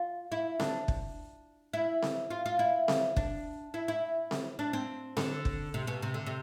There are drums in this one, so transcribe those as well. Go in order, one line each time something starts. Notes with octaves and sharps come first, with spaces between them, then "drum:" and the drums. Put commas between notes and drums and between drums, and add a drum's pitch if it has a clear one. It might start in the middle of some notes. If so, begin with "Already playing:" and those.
Already playing: F4
E4
D4, drum: snare C4
drum: kick
E4
drum: snare C4
F4
F4
E4
drum: snare C4
D4, drum: kick
E4
E4
drum: snare C4
D4
C4
D3, drum: snare C4
drum: kick
C3
B2
C3
D3
C3